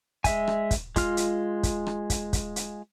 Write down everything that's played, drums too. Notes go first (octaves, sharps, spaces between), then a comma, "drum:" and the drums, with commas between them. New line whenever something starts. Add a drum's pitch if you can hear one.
G#3 E5 G#5, drum: kick, hi-hat
drum: rim click
drum: kick, hi-hat
G#3 F4 F6, drum: kick, hi-hat
drum: hi-hat
drum: kick, hi-hat
drum: rim click
drum: kick, hi-hat
drum: kick, hi-hat
drum: hi-hat